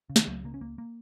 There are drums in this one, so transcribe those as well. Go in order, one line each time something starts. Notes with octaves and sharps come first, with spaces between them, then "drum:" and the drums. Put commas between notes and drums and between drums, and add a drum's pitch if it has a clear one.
C#3
D#3, drum: snare
C#2 F#3
C#3 A#3
C#4
C#2 A#3
A#3